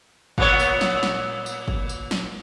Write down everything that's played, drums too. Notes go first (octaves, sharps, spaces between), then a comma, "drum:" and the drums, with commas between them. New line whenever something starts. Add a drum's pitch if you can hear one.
A#2 B3 C#5, drum: kick
drum: tambourine
drum: snare
drum: snare
drum: tambourine
drum: kick
drum: tambourine
drum: snare